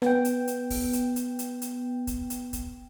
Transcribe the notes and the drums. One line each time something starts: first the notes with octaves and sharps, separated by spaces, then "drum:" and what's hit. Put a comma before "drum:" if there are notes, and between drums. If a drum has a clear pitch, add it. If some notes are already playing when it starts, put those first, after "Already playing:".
B3 G5, drum: rim click
drum: hi-hat
drum: hi-hat
drum: kick, open hi-hat
drum: hi-hat
drum: hi-hat
drum: hi-hat
drum: hi-hat
drum: kick, hi-hat
drum: hi-hat
drum: kick, hi-hat